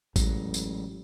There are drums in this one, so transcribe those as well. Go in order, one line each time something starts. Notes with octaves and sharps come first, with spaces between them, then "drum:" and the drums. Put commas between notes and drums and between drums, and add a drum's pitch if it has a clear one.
A1 F#3 G#3, drum: kick A1, tambourine
drum: tambourine